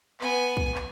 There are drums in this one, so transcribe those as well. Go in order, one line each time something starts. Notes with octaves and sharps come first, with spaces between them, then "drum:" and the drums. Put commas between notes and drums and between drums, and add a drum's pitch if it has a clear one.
B3 G#5, drum: clap
drum: kick
drum: clap